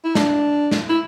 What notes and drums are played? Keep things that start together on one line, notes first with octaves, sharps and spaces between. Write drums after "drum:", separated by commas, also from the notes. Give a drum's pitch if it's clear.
E4
D4, drum: snare
drum: snare
E4